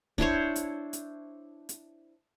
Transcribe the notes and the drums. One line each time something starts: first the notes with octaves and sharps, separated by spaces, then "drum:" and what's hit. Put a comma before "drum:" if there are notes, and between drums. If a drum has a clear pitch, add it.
D4 E4 C5 C#5, drum: kick
drum: hi-hat
drum: hi-hat
drum: hi-hat